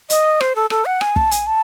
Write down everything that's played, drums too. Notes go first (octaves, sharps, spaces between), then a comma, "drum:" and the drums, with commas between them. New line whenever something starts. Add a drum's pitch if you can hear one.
D#5, drum: hi-hat
C5, drum: rim click
A4
A4, drum: rim click
F#5
G#5, drum: rim click
A5, drum: kick
G#5, drum: hi-hat
A5